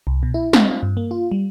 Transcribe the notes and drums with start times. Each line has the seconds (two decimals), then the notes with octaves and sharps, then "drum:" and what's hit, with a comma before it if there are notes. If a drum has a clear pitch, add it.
0.07 C2
0.23 B2
0.34 E4
0.53 C4, drum: snare
0.71 F4
0.83 G2
0.97 A#3
1.11 F4
1.31 G3